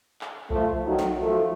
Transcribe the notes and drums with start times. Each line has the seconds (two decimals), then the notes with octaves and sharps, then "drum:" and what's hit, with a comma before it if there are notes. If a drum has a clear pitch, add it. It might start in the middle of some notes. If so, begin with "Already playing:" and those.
0.21 drum: clap
0.50 F3 A3, drum: kick B1
0.86 D#3 F#3
0.99 drum: snare
1.21 F3 A3